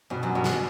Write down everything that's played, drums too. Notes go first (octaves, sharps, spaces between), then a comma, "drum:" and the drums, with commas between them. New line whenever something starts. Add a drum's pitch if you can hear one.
G2 B2
F#2
G2 B2
drum: snare